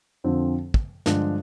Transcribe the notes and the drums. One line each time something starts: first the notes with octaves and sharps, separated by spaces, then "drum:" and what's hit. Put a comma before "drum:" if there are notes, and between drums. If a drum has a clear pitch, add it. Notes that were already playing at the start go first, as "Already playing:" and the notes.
F2 D3 F3 C4
drum: kick
G2 D3 F3 G#3 D4, drum: snare